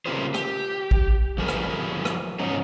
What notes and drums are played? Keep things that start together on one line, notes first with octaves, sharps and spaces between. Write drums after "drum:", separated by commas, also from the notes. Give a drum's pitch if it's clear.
C#3 A#3 F4 G4 B4 C5
G4, drum: rim click
drum: kick
F3 G4 G#4 A#4 B4
drum: rim click
drum: rim click
G#2 F3 C#4 D#4